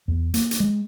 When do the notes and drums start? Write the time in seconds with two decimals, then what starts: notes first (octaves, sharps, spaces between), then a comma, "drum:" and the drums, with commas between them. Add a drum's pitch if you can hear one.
0.08 E2
0.34 A#3, drum: hi-hat
0.51 drum: hi-hat
0.60 G#3